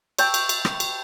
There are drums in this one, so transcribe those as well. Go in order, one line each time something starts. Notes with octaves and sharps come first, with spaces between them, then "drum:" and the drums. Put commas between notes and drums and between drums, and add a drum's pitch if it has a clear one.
G5 A5 C#6 E6, drum: cymbal
drum: cymbal
drum: cymbal
drum: rim click
drum: cymbal